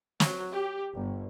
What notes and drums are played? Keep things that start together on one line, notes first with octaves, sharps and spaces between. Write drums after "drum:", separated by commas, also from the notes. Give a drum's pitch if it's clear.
F#3, drum: snare
G4
G1